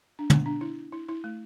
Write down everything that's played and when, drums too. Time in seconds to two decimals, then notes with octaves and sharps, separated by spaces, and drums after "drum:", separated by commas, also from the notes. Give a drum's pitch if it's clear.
0.19 D4
0.30 B3, drum: tom
0.46 D4
0.61 E4
0.92 E4
1.09 E4
1.24 A3